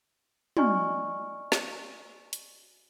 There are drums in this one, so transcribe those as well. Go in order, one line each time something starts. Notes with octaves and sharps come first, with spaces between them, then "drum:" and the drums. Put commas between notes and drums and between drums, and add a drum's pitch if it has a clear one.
F#4 D5 D#5 G#5 C#6 F6, drum: tom
drum: snare
drum: hi-hat